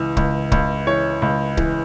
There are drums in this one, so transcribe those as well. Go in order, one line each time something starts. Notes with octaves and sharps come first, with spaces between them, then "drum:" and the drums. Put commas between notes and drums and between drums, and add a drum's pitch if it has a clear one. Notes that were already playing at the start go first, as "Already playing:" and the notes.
Already playing: C#2 E3
C#2, drum: kick C#1
C#2, drum: kick C#1
E3 C#5
C#2
E3, drum: kick C#1